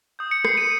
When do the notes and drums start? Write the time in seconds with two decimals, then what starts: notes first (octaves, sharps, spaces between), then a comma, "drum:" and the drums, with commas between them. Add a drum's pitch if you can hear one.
0.19 D#6 G6
0.31 C#7
0.45 C7, drum: rim click
0.57 D#7